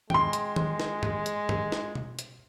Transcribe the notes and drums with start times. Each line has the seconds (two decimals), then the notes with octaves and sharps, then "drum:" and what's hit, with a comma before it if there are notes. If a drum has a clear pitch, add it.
0.10 G#3 G5 C6, drum: tom D#3
0.33 drum: hi-hat
0.56 drum: tom D#3
0.80 drum: snare
1.03 drum: tom G2
1.26 drum: hi-hat
1.49 drum: tom G2
1.72 drum: snare
1.95 drum: tom B2
2.19 drum: hi-hat